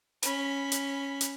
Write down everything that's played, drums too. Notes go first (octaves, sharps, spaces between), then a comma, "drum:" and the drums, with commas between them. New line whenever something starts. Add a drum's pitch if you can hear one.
C#4 B5, drum: hi-hat
drum: hi-hat
drum: hi-hat